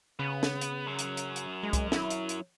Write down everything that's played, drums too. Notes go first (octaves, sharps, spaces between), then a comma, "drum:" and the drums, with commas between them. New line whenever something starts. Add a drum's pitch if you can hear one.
C#3 B3
drum: snare
drum: hi-hat
F#2 F#3
drum: hi-hat
drum: hi-hat
drum: hi-hat
G#3
drum: kick C2, hi-hat
E4, drum: snare
drum: hi-hat
drum: hi-hat